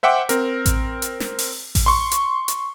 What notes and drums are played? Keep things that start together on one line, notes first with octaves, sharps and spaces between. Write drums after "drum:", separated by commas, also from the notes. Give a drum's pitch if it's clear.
C5 E5 F#5 G5 D6
C4 A#4, drum: hi-hat
drum: kick A1, hi-hat
drum: hi-hat
drum: snare
drum: open hi-hat
drum: kick A1, open hi-hat
C6 C#6
drum: hi-hat
drum: hi-hat